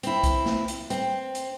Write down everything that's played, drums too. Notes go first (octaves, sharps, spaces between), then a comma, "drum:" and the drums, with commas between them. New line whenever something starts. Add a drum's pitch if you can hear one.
C4 E4, drum: hi-hat
drum: kick, hi-hat
drum: snare
drum: hi-hat
C4, drum: hi-hat
drum: hi-hat